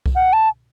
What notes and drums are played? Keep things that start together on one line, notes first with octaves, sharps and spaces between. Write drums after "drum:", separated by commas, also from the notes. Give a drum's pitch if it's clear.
drum: kick C2
F#5
A5